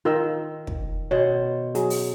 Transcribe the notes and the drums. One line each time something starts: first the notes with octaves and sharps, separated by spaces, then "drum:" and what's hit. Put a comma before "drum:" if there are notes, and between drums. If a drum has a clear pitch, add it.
D#3 F4 A#4 E6
drum: kick
B2 C5 C#5 F#5
F#3 G#4, drum: hi-hat
drum: open hi-hat